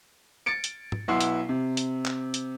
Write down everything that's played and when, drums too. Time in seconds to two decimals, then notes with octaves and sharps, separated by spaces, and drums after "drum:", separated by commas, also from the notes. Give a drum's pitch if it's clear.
0.46 A6 C#7 D7
0.64 drum: hi-hat
0.92 drum: tom
1.08 B1 B3 E4 F#5 C6 C7
1.21 drum: hi-hat
1.49 C3
1.77 drum: hi-hat
2.06 drum: clap
2.34 drum: hi-hat